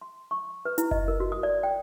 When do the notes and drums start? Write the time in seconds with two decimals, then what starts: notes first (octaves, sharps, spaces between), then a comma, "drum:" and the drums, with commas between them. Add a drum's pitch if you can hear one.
0.01 C6
0.31 C#6
0.65 B4
0.78 E4, drum: hi-hat
0.91 D#5, drum: kick F#1
1.08 A#4
1.20 F#4
1.32 D#6
1.43 D5
1.63 G5